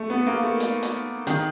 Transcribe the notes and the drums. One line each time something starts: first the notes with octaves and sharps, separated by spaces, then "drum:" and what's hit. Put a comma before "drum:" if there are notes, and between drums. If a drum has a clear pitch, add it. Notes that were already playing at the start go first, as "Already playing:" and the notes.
Already playing: A3
B3
A#3
A3
drum: hi-hat
drum: hi-hat
D#3, drum: hi-hat